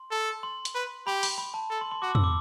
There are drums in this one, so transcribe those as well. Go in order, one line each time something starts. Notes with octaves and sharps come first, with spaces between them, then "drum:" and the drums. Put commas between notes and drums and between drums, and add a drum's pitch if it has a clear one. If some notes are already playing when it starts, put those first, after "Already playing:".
Already playing: C6
A4
C6
drum: hi-hat
B4
G4 B5
B5, drum: open hi-hat
B5
A5
A4
C6
C6
F#4 D6
E6, drum: tom
D6